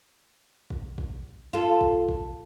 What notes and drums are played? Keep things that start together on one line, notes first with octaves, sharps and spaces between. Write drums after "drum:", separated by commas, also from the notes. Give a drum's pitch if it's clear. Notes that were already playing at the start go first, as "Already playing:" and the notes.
drum: kick
drum: kick
F4 A4
drum: kick
drum: kick